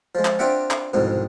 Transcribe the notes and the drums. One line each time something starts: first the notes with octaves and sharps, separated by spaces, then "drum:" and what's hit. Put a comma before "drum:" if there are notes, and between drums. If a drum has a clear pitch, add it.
F3 G#3
drum: clap
C4 D4 F4 G4 E5 F#5
drum: clap
C2 F2 G#2 B2